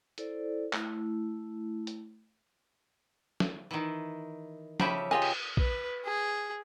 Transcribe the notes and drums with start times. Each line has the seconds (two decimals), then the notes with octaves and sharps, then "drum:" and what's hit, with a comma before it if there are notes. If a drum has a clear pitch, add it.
0.18 E4 A4 C5 D5, drum: hi-hat
0.73 A3 E4, drum: clap
1.87 drum: hi-hat
3.40 drum: snare
3.71 D#3 E3
4.80 C#3 F3 G4 E5 B5, drum: snare
5.11 F4 G4 G#4 D#5
5.22 drum: cymbal
5.57 B4, drum: kick
6.06 G#4